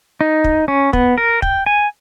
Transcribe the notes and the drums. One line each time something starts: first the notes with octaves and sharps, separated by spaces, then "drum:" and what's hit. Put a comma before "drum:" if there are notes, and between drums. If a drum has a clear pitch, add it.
D#4
drum: kick
C#4
B3, drum: kick
A#4
G5, drum: kick
G#5